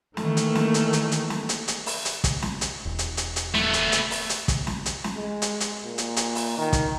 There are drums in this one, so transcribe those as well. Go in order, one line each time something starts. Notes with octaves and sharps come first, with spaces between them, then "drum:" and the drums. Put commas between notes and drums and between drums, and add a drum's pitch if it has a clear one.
D#3 E3 A3 A#3, drum: snare
drum: hi-hat
drum: snare
drum: hi-hat
drum: hi-hat
drum: hi-hat
drum: snare
drum: hi-hat
drum: hi-hat
drum: open hi-hat
drum: hi-hat
drum: kick, hi-hat
drum: snare
drum: hi-hat
E1
drum: hi-hat
drum: hi-hat
drum: hi-hat
A3 B3, drum: snare
drum: hi-hat
drum: hi-hat
drum: open hi-hat
drum: hi-hat
drum: kick, hi-hat
drum: snare
drum: hi-hat
drum: snare
G#3
drum: hi-hat
drum: hi-hat
A#2
drum: hi-hat
drum: hi-hat
drum: open hi-hat
D#3
drum: kick, hi-hat